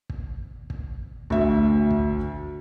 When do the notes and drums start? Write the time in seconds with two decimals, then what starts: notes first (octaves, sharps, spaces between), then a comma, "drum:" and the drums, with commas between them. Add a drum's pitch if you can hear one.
0.09 drum: kick
0.70 drum: kick
1.30 D2 E5, drum: kick
1.91 drum: kick